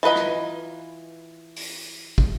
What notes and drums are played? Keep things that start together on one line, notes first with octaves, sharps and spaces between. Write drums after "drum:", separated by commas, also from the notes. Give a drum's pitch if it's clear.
E3 F4 B4 D#5 A#5
drum: rim click
drum: open hi-hat
drum: kick